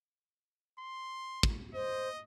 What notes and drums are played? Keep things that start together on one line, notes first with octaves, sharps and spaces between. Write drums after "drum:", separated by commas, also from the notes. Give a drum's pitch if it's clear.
C6
drum: kick
C5 D#5